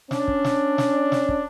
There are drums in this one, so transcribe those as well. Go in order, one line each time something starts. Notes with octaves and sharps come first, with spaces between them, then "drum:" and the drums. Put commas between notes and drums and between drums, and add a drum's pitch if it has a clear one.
C#4 D4, drum: snare
drum: kick
drum: snare
drum: snare
drum: snare
drum: kick